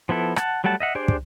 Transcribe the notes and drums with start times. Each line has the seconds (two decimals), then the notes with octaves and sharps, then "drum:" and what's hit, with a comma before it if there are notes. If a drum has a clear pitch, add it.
0.09 F3 B3 E4 A4
0.36 F#5 A5, drum: rim click
0.64 F#3 G3 A3 F#5 A5
0.80 D#5 E5 F#5
0.95 D4 G4 G#4 C5 D5
1.08 drum: kick